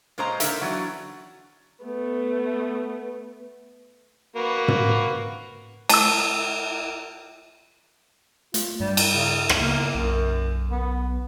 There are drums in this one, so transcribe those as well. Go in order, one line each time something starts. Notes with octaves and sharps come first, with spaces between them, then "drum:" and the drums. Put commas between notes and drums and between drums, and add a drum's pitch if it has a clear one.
A#2 G#3 C#4 C5 D#5 A#5
D3 A#3 D#4 A#4 E5, drum: hi-hat
E3 F#3 C#4 D4 F#4
A3 B3
A#3 F#4 B4
drum: tom
A5 E6, drum: cymbal
A3 F4, drum: hi-hat
G2 G3
drum: cymbal
C#3
drum: rim click
C#3 A#3
B1 F#2
B3